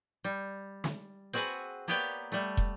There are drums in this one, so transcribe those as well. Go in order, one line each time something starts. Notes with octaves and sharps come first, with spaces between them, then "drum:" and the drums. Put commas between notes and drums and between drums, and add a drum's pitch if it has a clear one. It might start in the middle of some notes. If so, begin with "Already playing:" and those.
G3
drum: snare
C4 F#4 G#4 B4 F#5
A#3 B3 G4 C#5 D5 G5
G3 A3
drum: kick